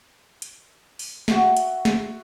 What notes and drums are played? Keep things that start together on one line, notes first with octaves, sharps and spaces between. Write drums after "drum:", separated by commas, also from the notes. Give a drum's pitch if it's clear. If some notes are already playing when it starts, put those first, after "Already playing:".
drum: hi-hat
drum: open hi-hat
F#4 E5, drum: snare
drum: hi-hat
drum: snare